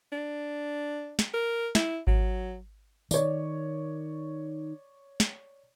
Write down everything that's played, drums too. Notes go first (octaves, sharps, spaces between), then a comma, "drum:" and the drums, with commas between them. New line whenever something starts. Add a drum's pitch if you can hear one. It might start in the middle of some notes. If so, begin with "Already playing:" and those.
D4
drum: snare
A#4
E4, drum: snare
F#3, drum: kick G#1
D#3 C#5 D5, drum: tambourine
drum: snare